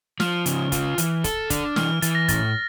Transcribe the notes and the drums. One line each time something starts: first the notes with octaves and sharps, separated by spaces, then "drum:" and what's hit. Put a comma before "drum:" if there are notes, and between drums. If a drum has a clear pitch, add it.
F3 F6, drum: snare
C#3, drum: hi-hat
F4, drum: kick, hi-hat
E3, drum: hi-hat
A4, drum: kick, hi-hat
D4, drum: kick, hi-hat
E3 F6, drum: snare
E3 A6, drum: hi-hat
A#6
A2 A6, drum: kick, hi-hat